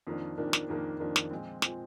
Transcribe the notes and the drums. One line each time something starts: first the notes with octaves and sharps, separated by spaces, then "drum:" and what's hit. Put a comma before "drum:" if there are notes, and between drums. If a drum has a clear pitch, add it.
F2 D#3 A#3 D4
F2 D#3 A#3 D4
drum: snare
F2 D#3 A#3 D4
F2 D#3 A#3 D4
drum: snare
A#2 F3 G#3 C4
A#2 F3 G#3 C4, drum: snare